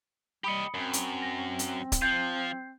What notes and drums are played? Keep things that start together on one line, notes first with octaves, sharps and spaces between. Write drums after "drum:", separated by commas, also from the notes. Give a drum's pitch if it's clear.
G3 G4 D#5 B5 D#6 C#7
F#2 C4
drum: hi-hat
A#6
drum: hi-hat
drum: kick D1, hi-hat
F3 F4 G6 G#6 C7